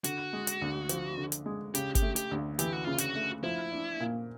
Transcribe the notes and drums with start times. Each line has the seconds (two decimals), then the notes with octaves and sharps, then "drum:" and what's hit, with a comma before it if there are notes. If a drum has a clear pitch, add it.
0.04 D3 F#4, drum: hi-hat
0.33 G#3
0.47 drum: hi-hat
0.62 D2
0.89 F3, drum: hi-hat
1.17 D3
1.32 drum: hi-hat
1.46 G#3
1.75 C#3 G4, drum: hi-hat
1.95 G4, drum: kick G1, hi-hat
2.02 A3
2.16 G4, drum: hi-hat
2.31 D2
2.59 E3 G4, drum: hi-hat
2.73 F#4
2.84 C#3 F4
2.98 F#4, drum: hi-hat
3.16 A3
3.43 F3 E4
3.72 D4
4.00 A#2